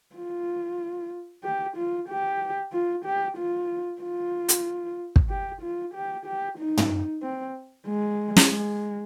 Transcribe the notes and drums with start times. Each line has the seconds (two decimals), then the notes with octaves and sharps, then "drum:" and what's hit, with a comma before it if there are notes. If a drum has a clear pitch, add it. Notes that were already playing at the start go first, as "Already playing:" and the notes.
0.16 F4
1.44 G4
1.77 F4
2.09 G4
2.73 F4
3.05 G4
3.37 F4
4.02 F4
4.49 drum: hi-hat
5.16 drum: kick
5.29 G4
5.62 F4
5.94 G4
6.26 G4
6.58 D#4
6.77 drum: tom
7.22 C4
7.87 G#3
8.36 drum: snare
8.50 G#3